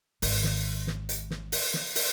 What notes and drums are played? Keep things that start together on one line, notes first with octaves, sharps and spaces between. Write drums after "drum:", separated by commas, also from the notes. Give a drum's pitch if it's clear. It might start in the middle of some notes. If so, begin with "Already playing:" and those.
G#1 D#3, drum: open hi-hat
drum: snare
drum: snare
drum: hi-hat
drum: snare
drum: open hi-hat
drum: snare
drum: open hi-hat